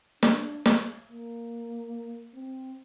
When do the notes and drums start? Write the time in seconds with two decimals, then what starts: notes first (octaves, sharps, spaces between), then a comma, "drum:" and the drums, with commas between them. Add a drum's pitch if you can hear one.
0.23 D4, drum: snare
0.66 drum: snare
1.07 A#3
2.34 C4